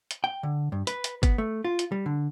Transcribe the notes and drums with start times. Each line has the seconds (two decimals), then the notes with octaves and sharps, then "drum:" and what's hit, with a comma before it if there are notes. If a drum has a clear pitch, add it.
0.11 drum: hi-hat
0.24 G5
0.43 D3
0.72 G2
0.87 B4, drum: hi-hat
1.04 drum: hi-hat
1.23 B3, drum: kick G1, hi-hat
1.38 A3
1.65 F4
1.79 drum: hi-hat
1.92 G3
2.06 D3